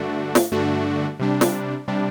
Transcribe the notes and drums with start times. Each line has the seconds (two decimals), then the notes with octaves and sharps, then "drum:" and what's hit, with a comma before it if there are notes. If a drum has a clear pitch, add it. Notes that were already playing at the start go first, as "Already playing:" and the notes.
Already playing: G2 D3 A3 D4 F#4
0.35 drum: snare
0.52 G2 D3 A3 D4 F#4
1.19 C3 G3 D4
1.41 drum: snare
1.88 C3 G3 D4